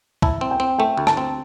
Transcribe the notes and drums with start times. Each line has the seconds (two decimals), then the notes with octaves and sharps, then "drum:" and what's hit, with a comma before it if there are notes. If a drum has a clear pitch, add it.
0.22 E4 A5, drum: kick
0.41 C4
0.51 G5
0.60 C4
0.79 A3 G5
0.98 D2
1.07 A5, drum: rim click
1.17 C4